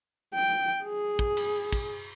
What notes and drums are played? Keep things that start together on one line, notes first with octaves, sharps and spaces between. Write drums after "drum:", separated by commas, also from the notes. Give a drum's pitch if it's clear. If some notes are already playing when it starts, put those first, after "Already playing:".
G5
G#4
drum: kick
drum: cymbal
drum: kick, cymbal